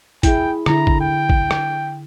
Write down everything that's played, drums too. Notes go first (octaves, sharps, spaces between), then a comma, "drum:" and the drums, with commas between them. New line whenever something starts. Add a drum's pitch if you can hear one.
E4 G#4 G5, drum: kick, hi-hat
D3 E4 A#5, drum: rim click
drum: kick
G5
drum: kick
drum: rim click